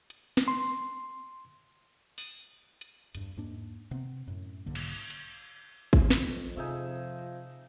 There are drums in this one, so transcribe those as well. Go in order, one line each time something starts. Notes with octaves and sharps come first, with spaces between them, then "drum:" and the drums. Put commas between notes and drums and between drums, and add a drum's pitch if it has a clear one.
drum: hi-hat
drum: snare
C6
drum: open hi-hat
drum: hi-hat
E2 G2, drum: hi-hat
E2 G#2 A#3 D4
C3 B3 C4
F#2 A2
B1 G#2 D3 A#3
drum: cymbal
drum: hi-hat
drum: kick G#1
F2, drum: snare
C3 F3 D#4 G#4 E5